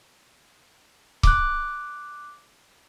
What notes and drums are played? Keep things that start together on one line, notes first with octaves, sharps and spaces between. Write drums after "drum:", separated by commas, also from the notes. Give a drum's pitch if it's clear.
D6 F#6, drum: kick C#1